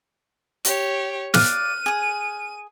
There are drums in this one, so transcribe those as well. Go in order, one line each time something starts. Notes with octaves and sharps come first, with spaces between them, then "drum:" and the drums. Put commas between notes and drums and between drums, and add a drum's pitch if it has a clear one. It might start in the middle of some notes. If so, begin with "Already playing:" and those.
G4 C#5, drum: hi-hat
D5 F5 F6 F#6 D#7, drum: snare
G#4 D#6